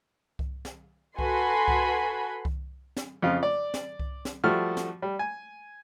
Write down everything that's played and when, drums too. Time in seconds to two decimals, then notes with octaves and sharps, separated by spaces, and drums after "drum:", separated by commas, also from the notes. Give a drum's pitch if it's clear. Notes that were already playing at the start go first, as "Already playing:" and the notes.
0.39 drum: kick C2
0.65 drum: snare
1.19 F#4 A4 B4 G#5 B5 C6, drum: kick C2
1.68 drum: kick C2
2.45 drum: kick C2
2.97 drum: snare
3.22 F2 C#3 F3 F4
3.43 D5
3.74 drum: snare
3.99 drum: kick C2
4.25 drum: snare
4.44 F3 G3 A3 F#4 F6
4.77 drum: snare
5.02 G3
5.19 G#5